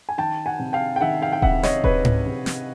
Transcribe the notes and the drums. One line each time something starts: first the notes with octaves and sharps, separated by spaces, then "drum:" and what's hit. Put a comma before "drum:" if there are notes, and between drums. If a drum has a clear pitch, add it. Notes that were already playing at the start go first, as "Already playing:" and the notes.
G#5
D#3 G5 A5
F#5 G#5
C3
F5 G5
G5
D#3 E5 F#5
F5 G5
G5
C3 E5 F#5, drum: kick D#1
C#5 D#5, drum: snare
C3 B4 C#5, drum: kick D#1
drum: tom G#2
C3
drum: snare